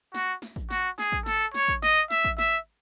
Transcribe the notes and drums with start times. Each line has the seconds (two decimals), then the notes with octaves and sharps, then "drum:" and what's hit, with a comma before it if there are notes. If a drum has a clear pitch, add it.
0.14 F#4, drum: snare
0.42 drum: snare
0.56 drum: kick
0.70 F#4, drum: snare
0.98 G#4, drum: snare
1.12 drum: kick
1.26 A4, drum: snare
1.54 C#5, drum: snare
1.68 drum: kick
1.83 D#5, drum: snare
2.11 E5, drum: snare
2.25 drum: kick
2.38 E5, drum: snare